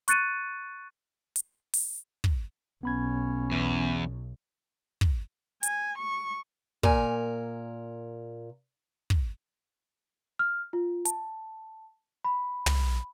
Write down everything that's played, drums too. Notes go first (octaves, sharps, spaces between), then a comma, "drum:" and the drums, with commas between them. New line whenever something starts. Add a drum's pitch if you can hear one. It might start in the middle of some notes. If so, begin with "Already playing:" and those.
C#6 F#6 A6 C#7 D#7, drum: hi-hat
drum: hi-hat
drum: open hi-hat
drum: kick
B1 B3 C#4 B5 G#6
E2
drum: kick
G#5, drum: hi-hat
C#6
A#2 A#4 G#5, drum: kick
drum: kick
F6
F4
A5, drum: hi-hat
B5
drum: tom